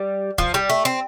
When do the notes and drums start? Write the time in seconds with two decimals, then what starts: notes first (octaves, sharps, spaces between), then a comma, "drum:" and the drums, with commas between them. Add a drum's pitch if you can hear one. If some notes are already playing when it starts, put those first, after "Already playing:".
Already playing: G3
0.38 F3, drum: kick
0.54 G3
0.70 A3
0.85 C4